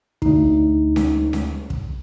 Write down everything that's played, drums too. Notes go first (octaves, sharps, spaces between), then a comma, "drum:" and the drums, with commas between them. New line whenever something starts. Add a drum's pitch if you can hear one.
D2 D#4, drum: kick
drum: snare C#4
drum: snare C#4
drum: kick